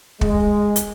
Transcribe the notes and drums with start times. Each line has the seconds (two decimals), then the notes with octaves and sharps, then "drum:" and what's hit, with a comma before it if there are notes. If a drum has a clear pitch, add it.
0.21 G#3, drum: kick
0.76 drum: hi-hat